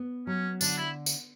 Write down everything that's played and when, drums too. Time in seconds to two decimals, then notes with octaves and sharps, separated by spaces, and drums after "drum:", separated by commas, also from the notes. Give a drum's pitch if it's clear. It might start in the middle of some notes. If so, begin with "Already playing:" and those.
Already playing: B3
0.27 F#3 C#4
0.61 D3 D4, drum: tambourine
0.78 E4
1.06 drum: tambourine